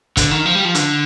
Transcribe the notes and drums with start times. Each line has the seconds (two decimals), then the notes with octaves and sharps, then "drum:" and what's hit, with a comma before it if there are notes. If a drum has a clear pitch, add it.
0.17 D3, drum: kick, hi-hat
0.31 D#3
0.45 F3
0.55 G3
0.65 F3
0.75 D3, drum: hi-hat